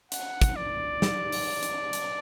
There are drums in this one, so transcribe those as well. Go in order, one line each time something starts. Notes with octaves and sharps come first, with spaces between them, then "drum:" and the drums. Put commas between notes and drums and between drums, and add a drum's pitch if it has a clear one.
F#5, drum: hi-hat
drum: kick, hi-hat
D5
drum: snare
drum: open hi-hat
drum: hi-hat
drum: hi-hat